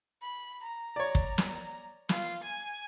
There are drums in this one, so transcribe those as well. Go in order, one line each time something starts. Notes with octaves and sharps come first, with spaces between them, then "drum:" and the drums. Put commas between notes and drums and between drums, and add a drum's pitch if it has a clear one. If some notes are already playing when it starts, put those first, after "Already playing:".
B5
A#5
C#5 D5
drum: kick
drum: snare
F4, drum: snare
G#5